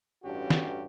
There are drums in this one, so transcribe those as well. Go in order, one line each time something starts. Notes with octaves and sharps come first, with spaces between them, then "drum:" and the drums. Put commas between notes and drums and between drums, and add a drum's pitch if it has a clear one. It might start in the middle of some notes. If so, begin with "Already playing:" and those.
A1 G2 C#4 D4 F#4 G4
drum: snare